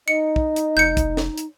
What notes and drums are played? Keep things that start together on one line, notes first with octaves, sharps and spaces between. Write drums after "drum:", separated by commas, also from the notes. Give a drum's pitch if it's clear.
D#4 D#5 C#7
drum: kick
drum: hi-hat
F1 G6 C#7
drum: kick, hi-hat
drum: snare
drum: hi-hat